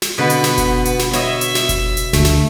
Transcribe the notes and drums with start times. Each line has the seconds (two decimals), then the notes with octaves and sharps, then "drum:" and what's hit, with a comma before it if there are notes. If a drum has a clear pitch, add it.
0.02 drum: snare
0.18 B2 D3 B3 B4
0.30 drum: hi-hat
0.44 drum: snare
0.58 drum: kick F#1, hi-hat
0.85 drum: hi-hat
0.99 drum: snare
1.13 C#5 D#5 E5, drum: snare
1.41 drum: hi-hat
1.55 drum: snare
1.69 drum: kick F#1, hi-hat
1.97 drum: hi-hat
2.13 D2 A3, drum: snare
2.25 drum: snare